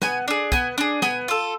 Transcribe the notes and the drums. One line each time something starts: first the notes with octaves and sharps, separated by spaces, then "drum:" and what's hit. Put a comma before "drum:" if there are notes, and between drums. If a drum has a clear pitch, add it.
B3 G#5, drum: snare
D4 G#4
B3 G#5, drum: kick, hi-hat
D4 G#4
B3 G#5, drum: snare
F4 A4